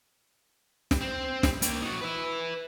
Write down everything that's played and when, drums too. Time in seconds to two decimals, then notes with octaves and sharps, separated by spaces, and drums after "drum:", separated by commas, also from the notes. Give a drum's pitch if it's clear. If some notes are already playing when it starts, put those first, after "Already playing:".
0.91 drum: snare
1.01 C4
1.43 drum: snare
1.62 A#3 G5, drum: hi-hat
1.82 D#4 F#4
2.01 B4 E5